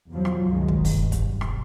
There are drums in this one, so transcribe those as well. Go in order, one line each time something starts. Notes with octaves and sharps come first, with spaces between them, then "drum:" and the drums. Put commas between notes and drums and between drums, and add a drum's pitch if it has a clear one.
E2 F3 F#3
drum: rim click
C#2 F#2 D#3 G#3
drum: kick
G2, drum: kick, open hi-hat
drum: kick, hi-hat
B1
drum: rim click